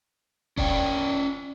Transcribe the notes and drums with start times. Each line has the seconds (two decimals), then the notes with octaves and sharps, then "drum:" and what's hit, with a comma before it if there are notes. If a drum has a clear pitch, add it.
0.57 C#4 D5 G5, drum: kick E1